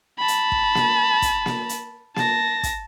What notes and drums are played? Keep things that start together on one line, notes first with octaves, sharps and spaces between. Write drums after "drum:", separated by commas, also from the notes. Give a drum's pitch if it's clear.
A5 B5
drum: hi-hat
drum: kick
drum: snare A#3
drum: kick, hi-hat
drum: snare A#3
drum: hi-hat
A5 A#6, drum: snare A#3
drum: kick, hi-hat